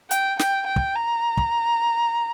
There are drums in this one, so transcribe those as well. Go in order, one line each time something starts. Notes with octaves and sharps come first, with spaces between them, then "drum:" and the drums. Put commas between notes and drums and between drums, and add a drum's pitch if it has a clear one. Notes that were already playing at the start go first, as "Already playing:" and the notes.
G5, drum: hi-hat
G5, drum: snare
G5
drum: kick
A#5
drum: kick